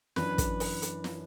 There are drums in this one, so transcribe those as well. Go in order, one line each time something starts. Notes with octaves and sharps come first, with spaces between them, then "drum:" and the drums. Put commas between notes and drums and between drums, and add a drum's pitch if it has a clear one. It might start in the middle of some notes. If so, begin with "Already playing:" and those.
F#2 E3 D4 B4, drum: snare
drum: kick, hi-hat
drum: open hi-hat
drum: hi-hat
drum: snare